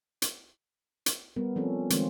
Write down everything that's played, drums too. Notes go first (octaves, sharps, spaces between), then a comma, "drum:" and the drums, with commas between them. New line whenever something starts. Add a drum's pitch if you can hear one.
drum: hi-hat
drum: hi-hat
G3 B3 A#4
F3 C4 C#4 A4
D#3 F3 G#3 C4 C#4 F4, drum: hi-hat